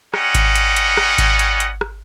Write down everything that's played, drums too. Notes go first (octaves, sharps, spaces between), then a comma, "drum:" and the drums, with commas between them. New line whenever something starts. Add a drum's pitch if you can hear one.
G3 C#4 D#5 F#5, drum: rim click
drum: kick G#1, hi-hat
drum: hi-hat
drum: hi-hat
drum: rim click
drum: kick G#1, hi-hat
drum: hi-hat
drum: hi-hat
drum: rim click